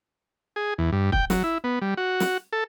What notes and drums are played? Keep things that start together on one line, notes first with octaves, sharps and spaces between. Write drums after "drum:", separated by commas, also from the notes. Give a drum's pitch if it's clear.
G#4
E2
G2
G5, drum: kick
F#3, drum: snare
E4
B3
G3
F#4
drum: snare
A4